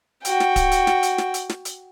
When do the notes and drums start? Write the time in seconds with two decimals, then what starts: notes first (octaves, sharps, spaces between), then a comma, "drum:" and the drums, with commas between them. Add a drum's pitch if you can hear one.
0.25 F#4 G5, drum: hi-hat
0.40 drum: snare
0.56 drum: kick D1, hi-hat
0.71 drum: hi-hat
0.87 drum: snare
1.03 drum: hi-hat
1.18 drum: snare
1.34 drum: hi-hat
1.49 drum: snare
1.65 drum: hi-hat